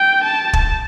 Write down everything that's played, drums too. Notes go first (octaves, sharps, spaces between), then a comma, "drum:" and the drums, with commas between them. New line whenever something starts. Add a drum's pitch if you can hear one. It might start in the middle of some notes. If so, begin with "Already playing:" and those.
Already playing: G5
A5
drum: kick